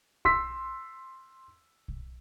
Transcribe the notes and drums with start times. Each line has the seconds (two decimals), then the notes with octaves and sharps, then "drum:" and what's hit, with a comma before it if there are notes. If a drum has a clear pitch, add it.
0.25 C6 E6 B6, drum: kick
1.88 drum: kick